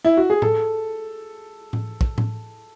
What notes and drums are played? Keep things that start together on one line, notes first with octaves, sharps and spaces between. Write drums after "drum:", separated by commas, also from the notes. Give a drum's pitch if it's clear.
E4
F#4
G#4
A4, drum: tom A2
drum: tom A2
drum: kick
drum: tom A2